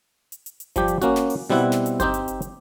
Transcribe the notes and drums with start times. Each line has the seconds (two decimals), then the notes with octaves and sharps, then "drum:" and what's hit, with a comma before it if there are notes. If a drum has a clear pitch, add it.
0.32 drum: hi-hat
0.46 drum: hi-hat
0.60 drum: hi-hat
0.76 F3 G3 G4, drum: kick G1, hi-hat
0.88 drum: hi-hat
1.02 A#3 C#4 F#4, drum: hi-hat
1.16 drum: snare
1.30 drum: open hi-hat
1.50 B2 G3 C4 E4 F#5
1.72 drum: snare
1.86 drum: hi-hat
2.00 C4 D#4 G4 C5, drum: kick G1, hi-hat
2.14 drum: hi-hat
2.28 drum: hi-hat
2.42 drum: hi-hat